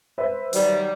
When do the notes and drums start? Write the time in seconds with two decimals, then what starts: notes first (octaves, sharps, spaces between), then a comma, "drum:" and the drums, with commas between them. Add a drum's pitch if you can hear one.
0.18 B4 C5 E5
0.53 D#3 F#3 G3, drum: open hi-hat